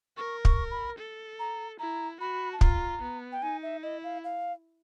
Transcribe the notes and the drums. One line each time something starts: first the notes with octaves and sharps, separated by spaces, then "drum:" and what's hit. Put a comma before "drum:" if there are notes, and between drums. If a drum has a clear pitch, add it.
A#4 C#6
C#6, drum: kick
B5
A4
A#5
E4 A#5
F#4 B5
A5
F4 A#5, drum: kick
B3
G5
D#4 G#5
E5
E4 D#5
F5
F5